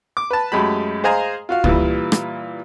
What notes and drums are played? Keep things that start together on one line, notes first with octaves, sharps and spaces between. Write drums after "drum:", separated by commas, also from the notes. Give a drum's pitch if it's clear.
D6
B4 A5
F#2 G#3 A3 G4 B5
G#4 C5 D#5 F5 G#5 A#5
F4 F#4 F5
A#2 E3 G3 E4, drum: kick
drum: rim click